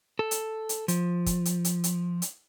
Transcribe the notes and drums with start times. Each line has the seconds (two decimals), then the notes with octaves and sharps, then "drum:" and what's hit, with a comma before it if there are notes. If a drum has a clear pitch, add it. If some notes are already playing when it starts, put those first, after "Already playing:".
0.19 A4
0.31 drum: hi-hat
0.69 drum: hi-hat
0.88 F3, drum: hi-hat
1.26 drum: kick, hi-hat
1.45 drum: hi-hat
1.65 drum: hi-hat
1.84 drum: hi-hat
2.22 drum: hi-hat